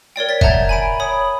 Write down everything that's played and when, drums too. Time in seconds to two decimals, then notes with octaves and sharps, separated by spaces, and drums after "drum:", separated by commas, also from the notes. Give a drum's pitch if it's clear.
0.16 A#4 C#5 D5 G5
0.29 A6 B6
0.41 E5 F#5 A5 A#5 G6 G#6, drum: kick
0.69 G#5 B5 D7
1.00 C#5 B5 D#6